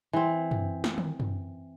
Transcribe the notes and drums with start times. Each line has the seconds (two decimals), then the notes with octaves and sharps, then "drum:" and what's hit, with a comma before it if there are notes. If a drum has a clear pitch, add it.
0.13 E3 C4
0.51 drum: tom F#2
0.84 drum: snare
0.98 drum: tom
1.20 drum: tom F#2